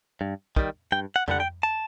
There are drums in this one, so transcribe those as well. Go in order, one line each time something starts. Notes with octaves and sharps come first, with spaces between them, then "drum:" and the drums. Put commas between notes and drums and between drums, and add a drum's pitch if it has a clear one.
G2
D#3 G3, drum: kick
G2 G5
F#5
D3 G3 F#5, drum: tom F2
G5
A5